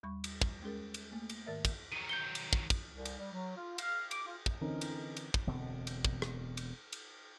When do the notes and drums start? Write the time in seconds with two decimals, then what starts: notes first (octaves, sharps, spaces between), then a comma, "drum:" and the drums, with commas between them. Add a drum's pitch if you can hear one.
0.03 D#2 G3 B5 C#6
0.24 drum: cymbal
0.42 drum: kick
0.62 G#3 C#4 G#4 A#4
0.94 drum: cymbal
1.12 A3 A#3
1.29 drum: cymbal
1.46 G#2 D#3 A#4 D5 E5
1.65 drum: kick, cymbal
1.92 D#3 F#3 D#7
2.09 G6 C#7 G7
2.35 drum: cymbal
2.53 drum: kick
2.70 drum: kick, cymbal
2.93 C2
3.05 drum: cymbal
3.19 G3
3.33 F#3
3.57 F4
3.78 F5, drum: cymbal
4.11 D6, drum: cymbal
4.27 F4
4.46 drum: kick
4.61 D3 E3 C4 C#4 D#4 A#4
4.81 drum: cymbal
5.17 drum: cymbal
5.34 drum: kick
5.47 E1 B2 D3 C4
5.87 drum: cymbal
6.05 drum: kick
6.22 drum: rim click
6.57 drum: cymbal
6.93 drum: cymbal